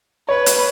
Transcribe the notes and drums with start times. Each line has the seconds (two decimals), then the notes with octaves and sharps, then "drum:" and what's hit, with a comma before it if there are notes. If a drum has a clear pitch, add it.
0.28 B4 C#5
0.46 drum: hi-hat